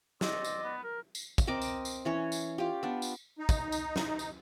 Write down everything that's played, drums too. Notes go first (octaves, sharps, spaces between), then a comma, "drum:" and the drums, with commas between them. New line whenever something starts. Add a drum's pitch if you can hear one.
C4 D5 D#5 D6, drum: snare
drum: tambourine
B3
A#4
drum: tambourine
drum: kick, tambourine
C4 A#4 D#5 D6
drum: tambourine
drum: tambourine
E3 C#4 C#5
drum: tambourine
F4 G4
B3 D4
drum: tambourine
D#4
drum: kick, tambourine
drum: tambourine
drum: snare
drum: tambourine